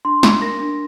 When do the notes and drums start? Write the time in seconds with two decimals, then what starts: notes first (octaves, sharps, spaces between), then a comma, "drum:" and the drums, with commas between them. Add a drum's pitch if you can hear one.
0.05 D4 C6
0.23 D4, drum: snare
0.42 A#4 A#6
0.60 D4